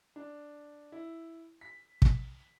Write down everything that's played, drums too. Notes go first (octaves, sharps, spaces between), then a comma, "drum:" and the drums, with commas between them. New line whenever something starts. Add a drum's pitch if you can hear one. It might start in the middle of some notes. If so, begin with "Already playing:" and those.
D4
E4
B6
drum: kick